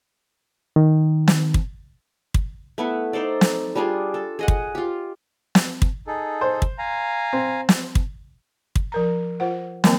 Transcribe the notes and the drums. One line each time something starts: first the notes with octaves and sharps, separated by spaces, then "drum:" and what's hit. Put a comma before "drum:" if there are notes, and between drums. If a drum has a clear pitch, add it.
D#3
drum: snare
drum: kick
drum: kick
A3 B3 E4
D#4 A4 C5 D5
drum: snare
G3 D4 F4 G#4
A4
G#4 D#5 F#5
drum: kick
F4 G4
drum: snare
drum: kick
D#4 G#4 A4
C5
drum: kick
F5 G#5 A#5
C4
drum: snare
drum: kick
drum: kick
F3 A#4 A#5
F4 C5 F#5
D3 E3 F#3 A#3 C4 A5, drum: snare